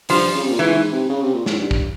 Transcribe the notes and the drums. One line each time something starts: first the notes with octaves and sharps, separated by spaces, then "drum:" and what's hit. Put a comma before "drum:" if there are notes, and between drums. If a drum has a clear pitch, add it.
G2 F3, drum: open hi-hat
C#3
C3
A#2
G#2 E3
G#2
C3
C#3
C3
A#2
G#2, drum: snare
G2
drum: kick